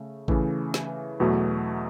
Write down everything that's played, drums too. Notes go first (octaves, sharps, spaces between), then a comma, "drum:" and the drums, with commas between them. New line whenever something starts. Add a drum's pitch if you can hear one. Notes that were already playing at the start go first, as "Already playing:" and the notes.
Already playing: C#3 A3
C#3 E3 A3, drum: kick G#1
drum: snare
E2 B2 F#3 A3